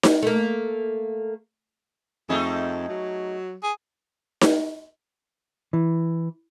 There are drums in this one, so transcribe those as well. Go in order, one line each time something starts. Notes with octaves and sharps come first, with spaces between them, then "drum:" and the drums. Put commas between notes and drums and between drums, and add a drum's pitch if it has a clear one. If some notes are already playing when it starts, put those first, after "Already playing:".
drum: snare D#4
A3 A#3
F2 A3 D#4 G#4
F#3
G#4
drum: snare D#4
E3